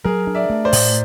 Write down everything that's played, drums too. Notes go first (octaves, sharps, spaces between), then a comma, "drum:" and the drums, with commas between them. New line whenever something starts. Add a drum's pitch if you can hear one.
F#3 G#4 A#4
D4
D5 E5
A3
C5 D5
A2, drum: open hi-hat